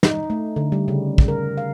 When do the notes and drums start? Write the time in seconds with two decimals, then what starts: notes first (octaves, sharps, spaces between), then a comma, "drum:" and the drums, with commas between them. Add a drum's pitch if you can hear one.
0.03 D#4, drum: snare
0.30 A3
0.56 D3
0.72 G3
0.88 C#3
1.18 drum: kick
1.28 A#4
1.57 F5